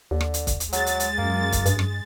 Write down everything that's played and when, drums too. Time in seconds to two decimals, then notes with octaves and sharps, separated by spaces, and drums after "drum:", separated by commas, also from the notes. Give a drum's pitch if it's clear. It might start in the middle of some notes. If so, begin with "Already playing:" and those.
0.11 D#2 D3
0.21 drum: rim click
0.34 drum: hi-hat
0.47 drum: kick, hi-hat
0.60 drum: hi-hat
0.72 F#3 G#3 A6, drum: hi-hat
0.86 drum: hi-hat
1.00 drum: hi-hat
1.18 F#2 A#3
1.52 drum: kick, hi-hat
1.66 G2, drum: hi-hat
1.79 drum: rim click